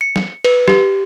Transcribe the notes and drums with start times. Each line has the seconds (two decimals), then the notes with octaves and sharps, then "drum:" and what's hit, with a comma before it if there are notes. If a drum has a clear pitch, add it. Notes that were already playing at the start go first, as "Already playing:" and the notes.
0.01 C#7
0.16 drum: snare
0.44 B4, drum: cymbal
0.68 G4, drum: snare